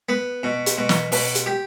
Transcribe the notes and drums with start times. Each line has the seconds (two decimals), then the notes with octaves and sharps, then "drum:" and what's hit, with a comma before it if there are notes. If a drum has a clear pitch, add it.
0.09 B3
0.43 B2
0.66 drum: hi-hat
0.78 B2
0.89 drum: snare
1.12 B2, drum: open hi-hat
1.35 drum: hi-hat
1.46 G4